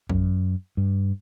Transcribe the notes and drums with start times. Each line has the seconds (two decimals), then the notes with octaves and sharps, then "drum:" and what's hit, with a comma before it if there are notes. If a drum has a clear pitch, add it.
0.09 F#2, drum: kick
0.77 G2